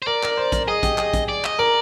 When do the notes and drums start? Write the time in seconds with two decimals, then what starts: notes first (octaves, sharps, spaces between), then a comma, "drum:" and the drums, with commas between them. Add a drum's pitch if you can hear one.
0.02 C5
0.07 A#4 D5
0.23 A#4, drum: clap
0.37 C5
0.52 A#4, drum: kick, hi-hat
0.67 G#4 D#5
0.83 G4, drum: kick, hi-hat
0.98 G#4, drum: clap
1.13 drum: kick, hi-hat
1.29 D5
1.44 D#5, drum: clap
1.59 A#4 D5